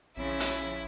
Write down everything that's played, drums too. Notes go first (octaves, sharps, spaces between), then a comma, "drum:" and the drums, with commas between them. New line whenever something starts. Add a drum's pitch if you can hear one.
A#1 C#3 F3 E4
drum: hi-hat